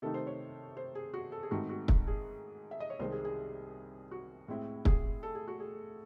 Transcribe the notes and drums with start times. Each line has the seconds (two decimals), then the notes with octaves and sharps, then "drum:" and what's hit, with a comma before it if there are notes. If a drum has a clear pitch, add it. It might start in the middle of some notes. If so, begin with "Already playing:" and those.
0.02 C3 D#3 A3 D#4 A4
0.14 C5
0.27 C#5
0.77 C5
0.95 G#4
1.14 F#4
1.32 A4
1.43 G#4
1.51 G#2 D#3 A3 C4 D#4 F#4
1.69 F#4
1.88 drum: kick
2.07 G#4
2.71 E5
2.80 D#5
2.90 C#5
2.99 C2 C3 D#3 G#3 C5
3.12 G#4
3.25 G#4
4.11 F#4
4.48 A2 G#3 C4 E4
4.85 G#4, drum: kick
5.23 A4
5.35 G#4
5.48 F#4
5.60 G#4